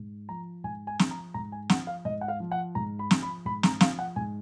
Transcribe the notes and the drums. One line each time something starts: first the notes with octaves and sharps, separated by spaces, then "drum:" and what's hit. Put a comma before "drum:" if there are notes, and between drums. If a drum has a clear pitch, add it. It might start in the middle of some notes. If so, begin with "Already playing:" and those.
Already playing: G#2
F3 A#5
G#2 G#5
G#5
F3, drum: snare
A#5
G#2 A#5
G#5
F3 F#5, drum: snare
F5
G#2 D#5
F#5
F5
F3
F#5
G#2 A#5
B5
F3, drum: snare
B5
G#2 B5
A#5, drum: snare
F3 F5, drum: snare
F#5
G#2 G#5